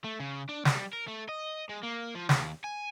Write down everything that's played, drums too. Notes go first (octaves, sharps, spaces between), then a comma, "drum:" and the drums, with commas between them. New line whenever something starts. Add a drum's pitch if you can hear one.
A3
C#3
D4
G3, drum: snare
A#4
A3
D#5
G#3
A#3
F3
D#2, drum: snare
G#5